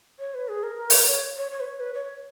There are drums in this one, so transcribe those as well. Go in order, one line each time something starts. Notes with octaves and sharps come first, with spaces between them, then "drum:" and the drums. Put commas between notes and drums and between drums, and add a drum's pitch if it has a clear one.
C#5
B4
G#4
A#4
drum: open hi-hat
C#5
C#5
C#5
B4
C#5
B4
C#5